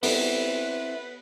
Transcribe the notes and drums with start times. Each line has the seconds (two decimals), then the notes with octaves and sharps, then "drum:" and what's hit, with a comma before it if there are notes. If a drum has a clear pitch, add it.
0.03 B3 C4 E4 B4, drum: open hi-hat